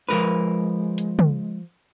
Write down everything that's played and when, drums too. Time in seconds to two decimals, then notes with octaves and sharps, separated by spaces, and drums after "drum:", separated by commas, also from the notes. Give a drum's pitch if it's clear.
0.09 F3 G#3 A#4 B4
0.98 drum: hi-hat
1.19 drum: tom